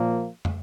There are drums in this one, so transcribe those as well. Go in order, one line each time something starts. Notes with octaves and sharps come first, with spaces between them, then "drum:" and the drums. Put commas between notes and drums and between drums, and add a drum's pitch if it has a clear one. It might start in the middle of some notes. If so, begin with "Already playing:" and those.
Already playing: A#2 F3 A#3
drum: tom